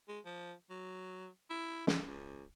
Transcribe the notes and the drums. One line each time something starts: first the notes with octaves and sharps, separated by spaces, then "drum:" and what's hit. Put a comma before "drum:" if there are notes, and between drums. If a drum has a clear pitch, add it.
G#3
F3
F#3
E4
D3, drum: snare
C#2